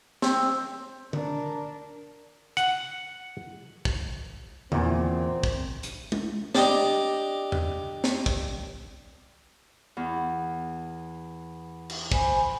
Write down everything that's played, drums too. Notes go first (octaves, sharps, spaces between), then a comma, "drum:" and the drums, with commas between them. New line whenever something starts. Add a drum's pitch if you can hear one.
C4, drum: snare
D4 A#4, drum: tom
F#5, drum: hi-hat
drum: kick
E2 A#2 C4, drum: tom
drum: kick
drum: hi-hat
drum: tom
D4 G4 D#5 A#5, drum: snare
drum: tom E2
drum: snare
drum: kick
E2
drum: cymbal
C5 G#5 B5, drum: kick